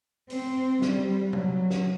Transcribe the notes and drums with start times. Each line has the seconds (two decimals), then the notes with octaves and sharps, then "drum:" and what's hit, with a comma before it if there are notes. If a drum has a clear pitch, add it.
0.30 C4, drum: open hi-hat
0.82 G3, drum: snare
1.33 F#3, drum: tom
1.70 drum: snare